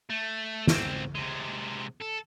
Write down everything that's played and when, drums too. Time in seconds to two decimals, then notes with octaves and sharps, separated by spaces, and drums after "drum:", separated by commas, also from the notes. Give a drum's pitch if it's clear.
0.10 A3
0.67 G#2 C4, drum: snare
1.15 C3 G#3
2.01 A4